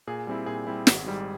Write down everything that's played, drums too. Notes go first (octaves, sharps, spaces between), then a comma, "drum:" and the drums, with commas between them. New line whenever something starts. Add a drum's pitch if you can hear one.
A#2 G#4
G3 C4 E4
A#2 G#4
G3 C4 E4
G#1, drum: snare
G#2 G3